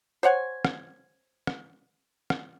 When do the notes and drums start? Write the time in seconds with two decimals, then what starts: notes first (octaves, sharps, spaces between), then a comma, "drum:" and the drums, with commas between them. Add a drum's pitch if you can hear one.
0.23 C5 C#5 F#5 G#5
0.65 drum: rim click
1.47 drum: rim click
2.30 drum: rim click